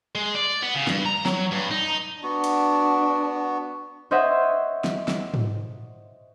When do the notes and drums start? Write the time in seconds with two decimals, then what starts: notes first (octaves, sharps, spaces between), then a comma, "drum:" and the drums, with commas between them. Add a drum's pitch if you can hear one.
0.15 G#3
0.35 D5
0.63 B3
0.75 C#3
0.87 G2, drum: snare
1.06 A#5
1.26 F#3, drum: snare
1.52 G2
1.71 D#4
2.23 B3 D4 F#4
2.44 drum: cymbal
4.11 C5 C#5 D#5 E5 F#5
4.84 drum: snare
5.08 drum: snare
5.34 drum: tom G#2